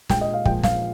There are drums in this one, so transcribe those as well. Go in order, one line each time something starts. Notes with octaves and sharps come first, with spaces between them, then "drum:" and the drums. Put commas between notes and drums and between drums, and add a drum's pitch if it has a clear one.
A#2 G#3 G5, drum: snare
D#5
F5
A#2 F3 G#3 G5, drum: kick
F5, drum: snare